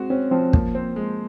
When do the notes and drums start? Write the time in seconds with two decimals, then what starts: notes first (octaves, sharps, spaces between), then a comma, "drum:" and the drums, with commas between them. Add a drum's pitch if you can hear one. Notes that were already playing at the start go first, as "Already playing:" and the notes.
Already playing: G#3 C4 F#4
0.10 C4 C#4
0.31 F3 C4
0.53 F3 A#3, drum: kick
0.75 C4
0.96 G#3